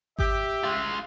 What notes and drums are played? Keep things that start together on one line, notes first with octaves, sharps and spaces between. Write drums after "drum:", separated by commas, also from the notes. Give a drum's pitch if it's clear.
G4 E5, drum: kick G#1
G#3 F4